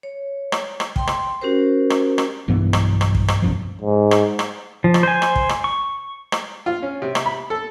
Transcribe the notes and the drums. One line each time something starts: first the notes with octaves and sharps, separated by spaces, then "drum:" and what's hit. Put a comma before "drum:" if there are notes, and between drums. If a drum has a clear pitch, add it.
C#5
drum: rim click
drum: rim click
G5 C6, drum: kick
drum: rim click
C#4 F#4 G4 A#4 C5
drum: rim click
drum: rim click
B1 G2 E3 B3
drum: rim click
drum: rim click
drum: kick
drum: rim click
B1 F#2 F3
G#2
drum: rim click
drum: rim click
F3
drum: rim click
C5 G#5
drum: rim click
drum: kick
drum: rim click
C#6
drum: rim click
F4
C#4
C3
drum: rim click
B5
A4